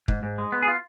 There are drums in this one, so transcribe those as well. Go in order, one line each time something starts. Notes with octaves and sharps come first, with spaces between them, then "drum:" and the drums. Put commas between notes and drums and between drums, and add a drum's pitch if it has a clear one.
G#2, drum: kick
G#2
G#3
B3
G#4
F4